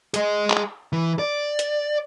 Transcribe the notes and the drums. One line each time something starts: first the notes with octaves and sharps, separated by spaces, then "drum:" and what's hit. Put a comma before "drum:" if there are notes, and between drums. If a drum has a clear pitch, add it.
G#4 D#5, drum: hi-hat
drum: clap
E3
D5
drum: hi-hat